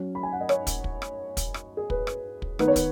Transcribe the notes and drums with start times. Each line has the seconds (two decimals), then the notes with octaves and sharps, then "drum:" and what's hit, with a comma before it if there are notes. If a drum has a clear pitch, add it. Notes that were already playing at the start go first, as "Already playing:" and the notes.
Already playing: F#3 C#4
0.15 B5
0.23 G#5
0.33 F#5
0.40 D#5
0.49 C#5, drum: rim click
0.67 drum: kick, hi-hat
0.84 drum: kick
1.02 drum: rim click
1.37 drum: kick, hi-hat
1.54 drum: rim click
1.77 G#4
1.90 B4, drum: kick
2.07 drum: rim click
2.42 drum: kick
2.59 D#3 B3 D#4 B4, drum: rim click
2.68 C#5
2.76 B4, drum: kick, hi-hat